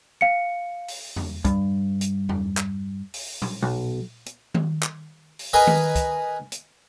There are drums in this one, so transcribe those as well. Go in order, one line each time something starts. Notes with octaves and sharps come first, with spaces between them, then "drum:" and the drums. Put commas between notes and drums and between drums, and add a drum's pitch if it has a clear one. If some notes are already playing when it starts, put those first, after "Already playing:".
F5 C#7
drum: open hi-hat
drum: tom E2
G2, drum: kick, hi-hat
drum: hi-hat
drum: tom E2
drum: clap
drum: open hi-hat
drum: tom
B1
drum: hi-hat
drum: tom D#3
drum: clap
drum: open hi-hat
G#4 A#4 B4 D#5 G#5
drum: tom D#3
drum: kick, hi-hat
drum: hi-hat